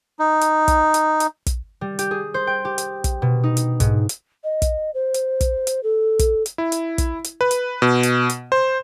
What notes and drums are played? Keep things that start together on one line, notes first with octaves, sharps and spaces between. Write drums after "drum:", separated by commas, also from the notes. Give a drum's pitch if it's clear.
D#4
drum: hi-hat
drum: kick, hi-hat
drum: hi-hat
drum: hi-hat
drum: kick, hi-hat
G3
G4, drum: hi-hat
G#4
C5
G5
G4
drum: hi-hat
drum: kick, hi-hat
B2
D#4
drum: hi-hat
G#2, drum: kick, hi-hat
drum: hi-hat
D#5
drum: kick, hi-hat
C5
drum: hi-hat
drum: kick, hi-hat
drum: hi-hat
A4
drum: kick, hi-hat
drum: hi-hat
E4
drum: hi-hat
drum: kick, hi-hat
drum: hi-hat
B4
drum: hi-hat
B2
drum: hi-hat
drum: hi-hat
C5